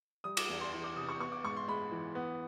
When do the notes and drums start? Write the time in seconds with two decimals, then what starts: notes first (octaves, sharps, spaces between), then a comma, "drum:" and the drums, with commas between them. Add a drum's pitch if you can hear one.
0.24 G3 D#6
0.37 D6, drum: cymbal
0.49 E2
0.61 C6
0.72 E3 C6
0.84 D6
0.96 C3 D#6
1.09 C#6
1.20 B3 C#6
1.32 D6
1.44 G#2 C#6
1.57 C6
1.68 G#3 B5
1.91 E3
2.15 B3